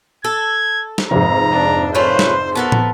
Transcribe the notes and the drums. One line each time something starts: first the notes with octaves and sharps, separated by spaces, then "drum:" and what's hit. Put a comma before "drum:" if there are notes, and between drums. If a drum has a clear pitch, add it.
A4 G#6
drum: snare
F1 F2 G#2 A#5
D4
A3 C#4 F4 B4 C5
drum: snare
B3 F#4 A4 A#4 A5
drum: tom